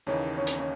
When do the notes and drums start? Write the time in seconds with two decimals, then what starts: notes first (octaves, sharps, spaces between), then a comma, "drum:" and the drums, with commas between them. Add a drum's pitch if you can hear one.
0.07 D#2 C#3 E3 A#3 C#4 D#4
0.37 C#4
0.47 drum: hi-hat
0.59 C#4